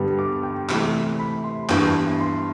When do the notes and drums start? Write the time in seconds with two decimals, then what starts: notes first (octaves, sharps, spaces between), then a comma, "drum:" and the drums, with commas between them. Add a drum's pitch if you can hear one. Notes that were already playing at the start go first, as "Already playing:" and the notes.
Already playing: G2 D3 G3 B3
0.19 D6
0.43 G5
0.69 C3 E3 A3 B5, drum: clap
1.19 B5
1.44 C6
1.69 G2 E3 B3, drum: clap
2.21 C6